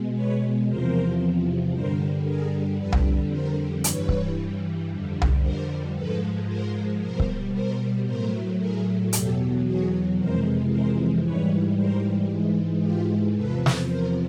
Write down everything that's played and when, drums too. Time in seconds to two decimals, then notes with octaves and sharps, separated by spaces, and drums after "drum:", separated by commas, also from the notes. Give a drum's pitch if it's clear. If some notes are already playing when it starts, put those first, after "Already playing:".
Already playing: B2 G#3
0.14 B4 C#5
0.68 E2 C3 F3 A#4 C5
1.73 G2 D3 G3 A#4 C5
2.26 G#4 A#4
2.79 F2 D3 G3 A4 B4
2.92 drum: tom C2
3.31 A#4 C5
3.84 G2 E3 G3 B4 C#5, drum: hi-hat
4.09 drum: kick C#1
4.91 F2 D3 G3
5.22 drum: tom C2
5.43 A#4 C5
5.96 G#2 F3 G#3 A4 B4
6.48 A#4 C5
7.01 B2 G3 A#4 C5
7.20 drum: kick C#1
7.54 A#4 C5
8.07 A2 F#3 A3 A#4 C5
8.60 G#4 A#4
9.13 E2 B2 F#3 G4 A4, drum: hi-hat
9.65 F#4 G#4
10.18 F2 C3 E3 G#3 A#4 C5
10.71 A#4 C5
11.24 G#2 E3 G3 B4 C#5
11.76 A#4 C5
12.29 G#2 E3 G#3
12.82 F4 G4
13.35 E2 C3 F3 A4 B4
13.66 drum: snare
13.88 A#4 C5